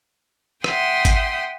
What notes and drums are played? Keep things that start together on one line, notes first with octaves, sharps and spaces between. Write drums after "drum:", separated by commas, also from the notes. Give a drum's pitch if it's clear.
E5 F#5 G5 C6 D#6, drum: rim click
drum: kick G#1, hi-hat